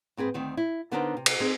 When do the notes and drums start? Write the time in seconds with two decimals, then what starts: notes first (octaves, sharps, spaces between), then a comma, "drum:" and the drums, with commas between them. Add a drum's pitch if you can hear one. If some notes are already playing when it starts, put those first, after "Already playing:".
0.17 G#2 C4 G#4 B4
0.34 D2 D#3 C4
0.57 E4
0.91 D3 B3 D4 D#4 A#4 C5
1.17 C3
1.26 drum: cymbal
1.40 C4 D#4 G#4